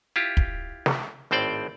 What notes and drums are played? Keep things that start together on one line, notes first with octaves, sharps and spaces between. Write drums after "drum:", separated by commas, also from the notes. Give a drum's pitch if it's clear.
E4 F4 G4
drum: kick
drum: snare
G#1 A2 C4 C5 D5 G5